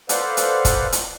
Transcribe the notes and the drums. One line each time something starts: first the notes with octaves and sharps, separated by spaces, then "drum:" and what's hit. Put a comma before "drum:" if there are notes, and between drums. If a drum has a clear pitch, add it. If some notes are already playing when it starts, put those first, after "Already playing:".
A4 B4 C5 D5 F5 F#5, drum: hi-hat
drum: hi-hat
drum: kick, hi-hat
drum: hi-hat